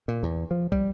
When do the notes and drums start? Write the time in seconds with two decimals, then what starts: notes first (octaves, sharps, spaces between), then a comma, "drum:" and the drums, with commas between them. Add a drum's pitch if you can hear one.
0.08 A#2
0.23 E2
0.51 F3
0.72 G3, drum: kick